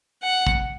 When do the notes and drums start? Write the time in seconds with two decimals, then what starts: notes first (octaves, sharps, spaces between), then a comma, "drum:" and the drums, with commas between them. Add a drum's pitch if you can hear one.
0.23 F#5
0.47 drum: kick